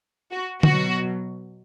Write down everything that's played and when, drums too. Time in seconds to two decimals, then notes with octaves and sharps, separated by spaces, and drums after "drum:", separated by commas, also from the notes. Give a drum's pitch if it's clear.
0.32 F#4
0.63 B2 F#3 F#4, drum: tom D3